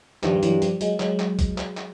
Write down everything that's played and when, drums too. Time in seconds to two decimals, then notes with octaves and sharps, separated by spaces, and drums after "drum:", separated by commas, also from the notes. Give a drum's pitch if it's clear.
0.23 G2 D#3 F3, drum: clap
0.36 G3
0.43 E3 F#3, drum: hi-hat
0.62 F3 G3, drum: hi-hat
0.81 F#3 G#3, drum: hi-hat
1.00 F#3 G#3, drum: clap
1.19 drum: clap
1.39 drum: kick, hi-hat
1.58 drum: clap
1.77 drum: clap